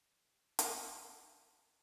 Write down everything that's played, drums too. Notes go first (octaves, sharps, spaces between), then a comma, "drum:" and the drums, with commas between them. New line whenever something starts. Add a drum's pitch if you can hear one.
B3 C4 C5 G5
drum: hi-hat